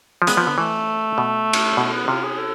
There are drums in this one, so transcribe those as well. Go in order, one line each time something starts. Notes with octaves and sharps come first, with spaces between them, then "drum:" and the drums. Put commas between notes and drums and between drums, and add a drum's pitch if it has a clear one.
F3
G#3 B3, drum: hi-hat
F3
D3
E3 A3
B2
drum: cymbal
B2 A3
B3
C3 F4
G#4
A4